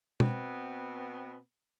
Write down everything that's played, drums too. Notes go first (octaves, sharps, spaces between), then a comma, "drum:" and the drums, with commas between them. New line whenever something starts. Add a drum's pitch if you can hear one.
B2 B3 C4, drum: tom B2